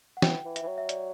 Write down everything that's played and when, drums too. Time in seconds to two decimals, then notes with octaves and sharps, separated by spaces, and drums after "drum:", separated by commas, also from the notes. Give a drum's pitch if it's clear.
0.17 F#5
0.22 E3 G5, drum: snare
0.45 E3
0.56 E5, drum: hi-hat
0.63 E3
0.67 F#3
0.78 E5
0.89 D5, drum: hi-hat